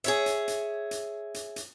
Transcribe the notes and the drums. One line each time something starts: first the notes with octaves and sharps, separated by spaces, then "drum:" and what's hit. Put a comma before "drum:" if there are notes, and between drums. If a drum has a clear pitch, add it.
G#4 C#5 E5, drum: hi-hat
drum: hi-hat
drum: hi-hat
drum: hi-hat
drum: hi-hat
drum: hi-hat